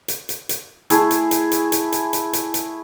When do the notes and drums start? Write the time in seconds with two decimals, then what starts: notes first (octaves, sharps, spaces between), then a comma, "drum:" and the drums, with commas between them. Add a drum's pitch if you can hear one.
0.08 drum: hi-hat
0.29 drum: hi-hat
0.49 drum: hi-hat
0.90 A3 E4 G#4, drum: hi-hat
1.11 drum: hi-hat
1.31 drum: hi-hat
1.52 drum: hi-hat
1.72 drum: hi-hat
1.92 drum: hi-hat
2.13 drum: hi-hat
2.33 drum: hi-hat
2.54 drum: hi-hat